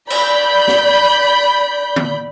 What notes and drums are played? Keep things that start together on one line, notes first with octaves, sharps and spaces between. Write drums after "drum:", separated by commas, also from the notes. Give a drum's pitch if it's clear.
D5 B5 G6, drum: cymbal
drum: snare
drum: tom D3